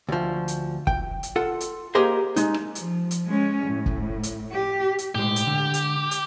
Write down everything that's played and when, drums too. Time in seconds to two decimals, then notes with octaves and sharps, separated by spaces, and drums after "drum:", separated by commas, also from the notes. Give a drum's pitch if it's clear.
0.09 D2 F3
0.48 drum: hi-hat
0.87 G5, drum: kick
1.23 drum: hi-hat
1.36 F4 A4 F#5
1.60 drum: hi-hat
1.95 A#3 G4 G#4 A#4 C5 D#5
2.36 G#3 D#4, drum: hi-hat
2.54 drum: rim click
2.75 F3, drum: hi-hat
3.11 drum: hi-hat
3.26 G#3 C#4
3.67 A2
3.86 drum: kick
4.23 drum: hi-hat
4.52 G4
4.98 drum: hi-hat
5.15 A2 G#3 G4
5.36 drum: hi-hat
5.47 D3
5.74 drum: hi-hat
6.11 drum: hi-hat